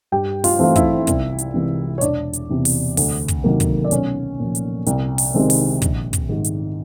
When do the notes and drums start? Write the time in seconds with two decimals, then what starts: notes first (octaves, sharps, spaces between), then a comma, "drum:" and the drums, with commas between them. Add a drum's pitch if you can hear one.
0.12 G2 G4 G5
0.44 F4 F5, drum: open hi-hat
0.59 E3 A3 C4 F5
0.76 E4 E5, drum: kick, hi-hat
1.07 C2, drum: kick, hi-hat
1.39 drum: hi-hat
1.54 C3 E3 G#3
1.98 C#5
2.01 E1 D4 D5, drum: hi-hat
2.34 drum: hi-hat
2.50 E2 C3 E3
2.65 drum: open hi-hat
2.97 D2, drum: open hi-hat
3.28 drum: kick, hi-hat
3.44 C3 D#3 F#3 A#3
3.60 drum: kick, hi-hat
3.84 D5
3.91 B1 C#4 C#5, drum: hi-hat
4.40 A#2 F3
4.55 drum: hi-hat
4.87 C2, drum: hi-hat
5.18 drum: open hi-hat
5.34 C3 D#3 G#3 C4
5.50 drum: open hi-hat
5.82 A#1, drum: kick, hi-hat
6.13 drum: kick, hi-hat
6.29 G#2 D#3
6.45 drum: hi-hat